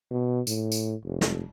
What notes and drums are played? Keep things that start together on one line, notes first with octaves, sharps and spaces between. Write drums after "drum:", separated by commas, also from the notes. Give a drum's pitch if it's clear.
B2
A2, drum: tambourine
drum: tambourine
F1
drum: snare